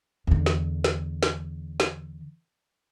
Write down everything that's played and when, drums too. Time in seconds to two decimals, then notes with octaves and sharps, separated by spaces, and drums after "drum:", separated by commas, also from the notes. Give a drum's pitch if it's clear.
0.27 E2 D3
0.46 drum: snare
0.84 drum: snare
1.23 drum: snare
1.80 drum: snare